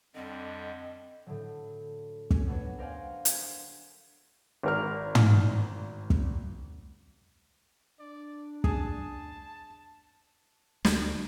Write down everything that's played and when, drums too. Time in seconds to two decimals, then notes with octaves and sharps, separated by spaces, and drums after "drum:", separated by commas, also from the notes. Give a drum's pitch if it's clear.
0.15 F2 D3 G3 C4 D#5
1.26 A2 D3 F#3
2.31 C#4, drum: kick
2.47 F#3 B3 D4 F#4 C#5
2.78 A#4 C5 D5 F5 F#5 G#5
3.25 G#6, drum: hi-hat
4.63 G#1 A#4 F6
5.15 drum: tom
6.10 drum: kick
7.99 D4 D5
8.64 G#4 A5, drum: kick
10.85 D2, drum: snare